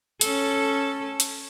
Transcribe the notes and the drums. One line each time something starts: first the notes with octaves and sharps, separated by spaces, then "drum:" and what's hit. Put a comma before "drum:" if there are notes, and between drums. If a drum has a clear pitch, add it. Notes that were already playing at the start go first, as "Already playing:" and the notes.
C#4 A4, drum: hi-hat
drum: hi-hat